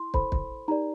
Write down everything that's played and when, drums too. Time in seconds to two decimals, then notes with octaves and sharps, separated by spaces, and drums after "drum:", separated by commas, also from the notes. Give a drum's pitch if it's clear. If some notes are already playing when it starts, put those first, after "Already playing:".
Already playing: E4 C6
0.14 E4 A4 C5 B5, drum: kick
0.32 drum: kick
0.68 D#4 G4 A#4 D5 A#5